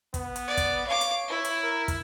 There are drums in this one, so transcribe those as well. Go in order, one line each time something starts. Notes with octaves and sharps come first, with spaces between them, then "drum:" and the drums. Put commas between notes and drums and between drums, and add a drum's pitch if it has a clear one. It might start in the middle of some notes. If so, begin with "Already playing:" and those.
B3, drum: kick, hi-hat
drum: hi-hat
D5
drum: kick, hi-hat
C#5 F5 D6
drum: hi-hat
E4
drum: hi-hat
A#4
drum: kick, hi-hat